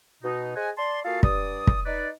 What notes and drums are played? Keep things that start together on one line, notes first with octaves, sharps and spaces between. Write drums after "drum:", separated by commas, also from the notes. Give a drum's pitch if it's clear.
B2 D#4
G#4 C5 D#5 F#5 G#5
D5 A5 C6
A#3 F4 F#4 G#4 A4 F5
G2 D5 D#6, drum: kick
drum: kick
D#4 B4 D5